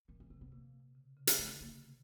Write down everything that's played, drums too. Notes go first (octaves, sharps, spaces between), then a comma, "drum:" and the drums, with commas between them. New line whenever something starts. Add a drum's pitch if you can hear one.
A#2 C#4
C#4
C3 C4
B3
C3 A#3
C#3
C#3
drum: hi-hat
D3 A3
C#3 A#3
C3